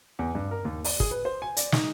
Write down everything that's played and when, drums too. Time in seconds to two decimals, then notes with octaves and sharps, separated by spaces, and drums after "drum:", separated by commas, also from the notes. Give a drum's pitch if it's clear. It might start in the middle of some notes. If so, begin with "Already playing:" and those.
0.19 E2
0.35 G2
0.51 A#4
0.65 D#2
0.84 D5, drum: open hi-hat
1.00 G#4, drum: kick
1.11 B4
1.25 C5
1.42 G#5
1.57 D5, drum: hi-hat
1.72 D#4, drum: snare